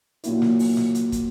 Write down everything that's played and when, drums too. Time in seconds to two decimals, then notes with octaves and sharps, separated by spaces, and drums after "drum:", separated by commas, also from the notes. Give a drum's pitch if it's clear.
0.24 A#2 F#3 A#3 E4, drum: hi-hat
0.42 drum: snare
0.59 drum: open hi-hat
0.77 drum: snare
0.95 drum: hi-hat
1.12 drum: kick, hi-hat